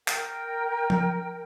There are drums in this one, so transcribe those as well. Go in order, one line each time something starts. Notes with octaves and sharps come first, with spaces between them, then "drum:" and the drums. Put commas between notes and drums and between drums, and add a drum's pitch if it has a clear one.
A#4 G5, drum: clap
drum: tom F3